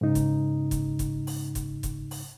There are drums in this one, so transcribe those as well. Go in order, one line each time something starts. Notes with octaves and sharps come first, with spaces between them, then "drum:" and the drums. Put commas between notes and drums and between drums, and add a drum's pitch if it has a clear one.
G#2 C#3 D#4
drum: kick F1, hi-hat
drum: kick F1, hi-hat
drum: kick F1, hi-hat
drum: open hi-hat
drum: kick F1, hi-hat
drum: kick F1, hi-hat
drum: open hi-hat